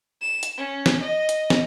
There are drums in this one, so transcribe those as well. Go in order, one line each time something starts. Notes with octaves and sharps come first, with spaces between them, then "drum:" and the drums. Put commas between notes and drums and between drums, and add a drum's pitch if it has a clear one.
E7
drum: hi-hat
C#4
drum: snare
D#5
drum: hi-hat
drum: snare